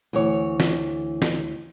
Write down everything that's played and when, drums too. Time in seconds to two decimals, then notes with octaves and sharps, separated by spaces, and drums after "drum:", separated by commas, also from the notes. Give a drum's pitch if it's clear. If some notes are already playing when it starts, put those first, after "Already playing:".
0.13 D2 E3 C#5
0.60 drum: snare
1.22 drum: snare